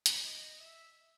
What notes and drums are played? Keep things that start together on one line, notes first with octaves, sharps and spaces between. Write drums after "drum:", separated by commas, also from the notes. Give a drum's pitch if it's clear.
drum: hi-hat
D#5
E5